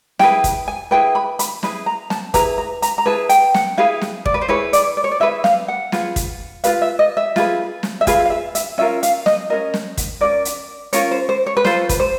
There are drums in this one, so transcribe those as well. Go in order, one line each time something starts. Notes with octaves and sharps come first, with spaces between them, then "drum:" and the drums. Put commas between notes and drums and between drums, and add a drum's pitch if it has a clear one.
E4 G#4 B4 G5, drum: snare
drum: kick, hi-hat
G#5
E4 G#4 B4 G5
B5
B5, drum: hi-hat
E4 G#4 B4 B5, drum: snare
A#5
A5, drum: snare
E4 G#4 B4 A#5, drum: kick, hi-hat
A#5
A#5, drum: hi-hat
A#5
E4 G#4 B4 A5
G5, drum: hi-hat
F#5, drum: snare
E4 G#4 B4 F5
drum: snare
D5, drum: kick
B4
C5
E4 G#4 B4 C#5
D5, drum: hi-hat
D5
C#5
D5
E4 G#4 B4 E5
F5, drum: snare
F#5
F4 G#4 B4, drum: snare
drum: kick, hi-hat
F4 G#4 B4 F5, drum: hi-hat
E5
D#5
E5
F4 G#4 B4, drum: snare
drum: snare
E5
F4 G#4 B4 F5, drum: kick, hi-hat
F5
E5
E5, drum: hi-hat
C#4 F4 A#4 E5
F5, drum: hi-hat
D#5, drum: snare
C#4 F4 A#4 D#5
drum: snare
drum: kick, hi-hat
C#4 F4 A#4 D5
drum: hi-hat
C#4 F4 A#4 C#5, drum: hi-hat
C5
C5
C#5
B4
F4 A4 C5, drum: snare
B4, drum: kick, hi-hat
C5